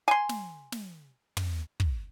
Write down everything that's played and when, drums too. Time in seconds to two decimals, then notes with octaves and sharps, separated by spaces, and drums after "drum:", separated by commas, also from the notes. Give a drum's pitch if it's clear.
0.08 G#5 C6
0.29 drum: snare
0.72 drum: snare
1.37 drum: tom
1.80 drum: kick